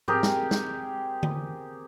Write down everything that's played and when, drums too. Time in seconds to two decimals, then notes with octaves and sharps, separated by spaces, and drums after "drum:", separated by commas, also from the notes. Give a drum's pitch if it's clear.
0.08 C4 G4 G#4 A#4, drum: tom
0.23 drum: snare
0.51 drum: snare
1.23 drum: tom D3